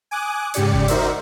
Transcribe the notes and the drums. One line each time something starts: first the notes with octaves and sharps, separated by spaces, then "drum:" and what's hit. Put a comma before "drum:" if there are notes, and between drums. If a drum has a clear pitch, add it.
G#5 D6 D#6 F#6
G#2 C#3 G4 D5 C#7, drum: hi-hat
drum: kick F#1
D#4 F#4 A#4 C5 D5 E5, drum: hi-hat